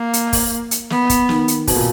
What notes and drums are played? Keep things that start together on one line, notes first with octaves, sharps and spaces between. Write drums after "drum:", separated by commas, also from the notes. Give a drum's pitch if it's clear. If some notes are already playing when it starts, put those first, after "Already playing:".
Already playing: A#3
drum: hi-hat
drum: kick, open hi-hat
drum: hi-hat
B3, drum: snare
drum: kick, hi-hat
D#3, drum: snare
drum: hi-hat
B2, drum: kick, open hi-hat
A#2